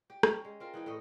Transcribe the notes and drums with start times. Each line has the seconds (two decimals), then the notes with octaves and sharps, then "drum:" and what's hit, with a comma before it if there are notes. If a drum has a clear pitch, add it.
0.10 G4
0.23 C#4 G4, drum: rim click
0.45 G#3
0.60 C4 F4 A#4
0.74 E3 D#4 G4
0.86 A2 A3 D#5